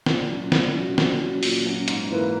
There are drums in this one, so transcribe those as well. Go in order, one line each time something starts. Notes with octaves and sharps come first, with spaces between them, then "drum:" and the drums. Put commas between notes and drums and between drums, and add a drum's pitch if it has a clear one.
A#2, drum: snare
F#3 C#4 F#4
A#2, drum: snare
F#3 C#4 F#4
A#2, drum: snare
F#3 C#4 F#4
A#2, drum: open hi-hat
F#3 C#4 F#4
G#2, drum: hi-hat
E3 A#3 E4 B4